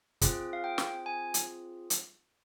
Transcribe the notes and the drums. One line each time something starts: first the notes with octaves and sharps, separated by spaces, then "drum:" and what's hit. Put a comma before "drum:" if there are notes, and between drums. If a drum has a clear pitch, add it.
C4 F4 G#4, drum: kick, hi-hat
F5
G5
drum: snare
G#5
drum: hi-hat
drum: hi-hat